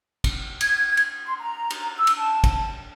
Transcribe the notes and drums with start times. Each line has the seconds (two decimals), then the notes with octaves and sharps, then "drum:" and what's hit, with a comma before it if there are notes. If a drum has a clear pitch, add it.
0.24 drum: kick, cymbal
0.61 G#6, drum: cymbal
0.97 drum: cymbal
1.25 C6
1.40 A#5
1.70 drum: cymbal
1.98 E6
2.07 drum: cymbal
2.17 A5
2.44 drum: kick, cymbal